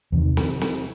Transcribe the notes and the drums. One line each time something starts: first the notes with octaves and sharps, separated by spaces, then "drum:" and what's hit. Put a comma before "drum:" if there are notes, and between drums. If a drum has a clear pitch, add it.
E2 C3 D#3
drum: snare
drum: snare